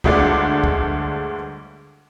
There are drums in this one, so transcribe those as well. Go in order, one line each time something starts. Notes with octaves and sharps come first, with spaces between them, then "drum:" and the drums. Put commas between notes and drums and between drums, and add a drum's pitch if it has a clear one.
G1 D2 G#3 A3 D4 D6, drum: kick
drum: kick